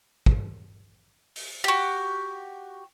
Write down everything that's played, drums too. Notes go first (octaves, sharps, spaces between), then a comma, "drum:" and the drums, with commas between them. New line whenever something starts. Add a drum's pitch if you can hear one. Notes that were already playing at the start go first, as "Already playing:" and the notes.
drum: kick
drum: open hi-hat
F#4 G4